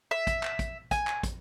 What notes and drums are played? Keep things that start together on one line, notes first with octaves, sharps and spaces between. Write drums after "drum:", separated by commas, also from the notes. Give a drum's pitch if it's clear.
E5
drum: kick, hi-hat
drum: clap
drum: kick, hi-hat
G#5, drum: kick, hi-hat
drum: clap
drum: kick, hi-hat